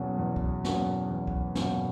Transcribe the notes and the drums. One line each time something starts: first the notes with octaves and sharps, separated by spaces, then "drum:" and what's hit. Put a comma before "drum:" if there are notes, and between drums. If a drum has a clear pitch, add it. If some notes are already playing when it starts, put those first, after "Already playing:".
Already playing: E2 B2 F#3 A#3 C#4
E2
drum: kick
B2 F#3 A#3 C#4, drum: snare
E2
drum: kick
B2 F#3 A#3 C#4, drum: snare